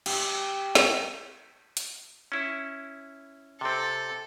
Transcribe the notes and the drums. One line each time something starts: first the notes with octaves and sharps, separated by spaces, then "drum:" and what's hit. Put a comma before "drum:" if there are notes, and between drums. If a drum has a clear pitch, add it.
G4, drum: cymbal
drum: snare
drum: hi-hat
C#4 E4
C3 C4 A4